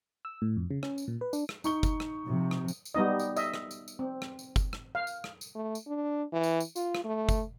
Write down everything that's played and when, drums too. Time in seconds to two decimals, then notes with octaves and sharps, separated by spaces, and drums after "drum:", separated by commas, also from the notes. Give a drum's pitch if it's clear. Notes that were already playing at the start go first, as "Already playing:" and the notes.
0.25 E6
0.42 A2
0.57 F2
0.71 C#3
0.83 C#4, drum: rim click
0.98 drum: tambourine
1.08 A#2
1.21 B4
1.33 D4, drum: tambourine
1.49 drum: rim click
1.64 D#4 C#6 G7, drum: tambourine
1.83 drum: kick, tambourine
2.00 drum: rim click
2.26 C3 F3
2.51 drum: rim click
2.68 drum: tambourine
2.85 drum: tambourine
2.94 G3 B3 D#4 D#5
3.19 drum: tambourine
3.37 D#5 E5, drum: tambourine
3.54 drum: rim click
3.71 drum: tambourine
3.88 drum: tambourine
3.99 C4
4.22 drum: rim click
4.39 drum: tambourine
4.56 drum: kick, tambourine
4.73 drum: rim click
4.95 F5
5.07 drum: tambourine
5.24 drum: rim click
5.41 drum: tambourine
5.55 A3
5.75 drum: tambourine
5.87 D4
6.33 E3
6.43 drum: tambourine
6.60 drum: tambourine
6.76 F4, drum: tambourine
6.95 drum: rim click
7.04 A3
7.29 drum: kick, tambourine